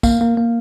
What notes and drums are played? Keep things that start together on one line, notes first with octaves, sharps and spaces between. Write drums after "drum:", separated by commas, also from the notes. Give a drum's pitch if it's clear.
A#3 F5, drum: kick, tambourine
A#3
A#3